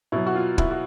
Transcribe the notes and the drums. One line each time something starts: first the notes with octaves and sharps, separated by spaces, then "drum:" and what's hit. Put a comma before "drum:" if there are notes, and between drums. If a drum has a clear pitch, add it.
B2 F#3 E4
F#4
F4
E4, drum: kick
F#4